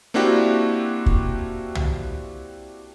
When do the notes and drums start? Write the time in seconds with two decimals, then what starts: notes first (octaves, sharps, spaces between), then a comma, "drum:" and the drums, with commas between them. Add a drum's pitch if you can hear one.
0.14 A#3 C4 D4 E4 F#4 G4
1.06 drum: kick
1.75 drum: tom